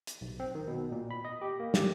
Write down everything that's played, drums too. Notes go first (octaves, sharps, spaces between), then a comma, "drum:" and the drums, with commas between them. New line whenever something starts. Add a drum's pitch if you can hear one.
drum: hi-hat
B1
C4
D#3
B2
A#2
B5
D#5
G4
A#3
G4, drum: snare